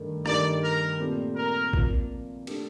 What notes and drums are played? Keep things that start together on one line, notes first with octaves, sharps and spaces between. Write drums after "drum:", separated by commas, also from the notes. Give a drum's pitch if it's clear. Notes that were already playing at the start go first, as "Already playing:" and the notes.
Already playing: G2 D#3 A3
G2 D#3 A3 D#4 G4 D5, drum: rim click
A#4
A#2 A3 C4 G4
A#4
C3 F3 A#3 F4, drum: kick
A3 D4 G4, drum: cymbal